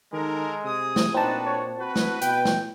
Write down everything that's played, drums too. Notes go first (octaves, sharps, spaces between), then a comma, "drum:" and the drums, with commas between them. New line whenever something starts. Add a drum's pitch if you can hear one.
D#3 G#3 A4 A#4
C3 G#4 D#6
drum: snare
A#2 C4 D4 D#4 F#4 B4 A5
C#5
F#4 B4
drum: snare
B2 G5, drum: hi-hat
drum: snare